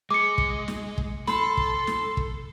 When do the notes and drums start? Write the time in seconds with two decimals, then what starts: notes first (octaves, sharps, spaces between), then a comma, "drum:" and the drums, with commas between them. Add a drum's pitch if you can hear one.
0.11 G#3 D6 C#7
0.38 drum: kick
0.68 drum: snare
0.98 drum: kick
1.27 A4 B5 C6, drum: snare
1.57 drum: kick
1.87 drum: snare
2.17 drum: kick